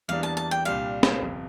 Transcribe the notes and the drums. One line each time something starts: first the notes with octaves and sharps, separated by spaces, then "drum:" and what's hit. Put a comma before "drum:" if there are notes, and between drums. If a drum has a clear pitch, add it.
E2 E3 G3 A#3 D4 F5
A5
A5
G5
C2 A#2 G3 D4 F5
drum: snare
G1 F2 C3